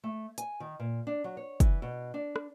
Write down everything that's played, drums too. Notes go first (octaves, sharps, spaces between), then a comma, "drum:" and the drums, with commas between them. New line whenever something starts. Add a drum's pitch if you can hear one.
A3
G#5, drum: hi-hat
D#3
A#2
D4
F#3
C#5
E3, drum: kick, hi-hat
B2
D4
drum: rim click